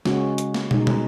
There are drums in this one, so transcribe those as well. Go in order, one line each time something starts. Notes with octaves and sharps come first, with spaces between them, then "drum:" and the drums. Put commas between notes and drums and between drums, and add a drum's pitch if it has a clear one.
C#3 G#3 C#4 F#4, drum: snare
drum: hi-hat
drum: snare
B2 G#3 D#4, drum: tom
drum: tom